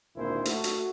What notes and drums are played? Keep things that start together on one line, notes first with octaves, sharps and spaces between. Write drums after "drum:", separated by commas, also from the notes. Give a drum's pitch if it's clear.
G#1 D2 A#2 D#3 E4 C5
A3 F#4, drum: hi-hat
drum: hi-hat